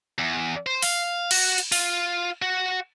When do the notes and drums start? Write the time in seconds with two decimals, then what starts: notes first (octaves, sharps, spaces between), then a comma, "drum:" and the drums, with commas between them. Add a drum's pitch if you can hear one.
0.18 E2
0.66 C5
0.82 F5, drum: open hi-hat
1.31 F#4, drum: cymbal
1.58 drum: hi-hat
1.72 F4, drum: open hi-hat
2.42 F#4